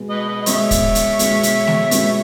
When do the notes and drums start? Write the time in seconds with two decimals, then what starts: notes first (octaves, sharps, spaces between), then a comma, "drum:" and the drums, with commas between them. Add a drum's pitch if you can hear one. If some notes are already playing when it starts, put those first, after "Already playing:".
Already playing: B2 G#3 B3
0.10 B4 D#5
0.28 B4 D#5
0.42 D#5
0.46 B2 G#3 B3 C#5 E5, drum: hi-hat
0.71 drum: kick, hi-hat
0.95 drum: hi-hat
1.19 B2 G#3 B3, drum: hi-hat
1.43 drum: hi-hat
1.67 drum: snare A3
1.91 B2 G#3 B3, drum: hi-hat